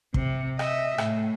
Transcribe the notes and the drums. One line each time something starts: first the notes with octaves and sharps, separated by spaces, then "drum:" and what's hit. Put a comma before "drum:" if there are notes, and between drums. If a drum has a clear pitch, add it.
C3, drum: kick
D#5 E5, drum: rim click
A2, drum: rim click